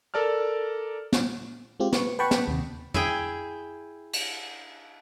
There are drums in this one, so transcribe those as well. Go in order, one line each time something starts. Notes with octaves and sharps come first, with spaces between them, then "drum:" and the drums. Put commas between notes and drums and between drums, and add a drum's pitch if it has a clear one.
A4 A#4 D5 A5 F6
drum: snare
G#3 C4 F4 G4
B4 C#6, drum: snare
B4 F#5 G5 A5 B5 C#6
drum: snare
D#2 C3
E4 G#4 G5, drum: tom
drum: cymbal